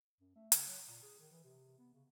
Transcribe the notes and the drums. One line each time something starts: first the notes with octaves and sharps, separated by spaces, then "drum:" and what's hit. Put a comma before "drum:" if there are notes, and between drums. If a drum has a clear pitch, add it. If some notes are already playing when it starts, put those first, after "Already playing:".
F#2
A3
C#3, drum: hi-hat
F#3
A#2
G#4
D#3
E3
C3
B3
C#3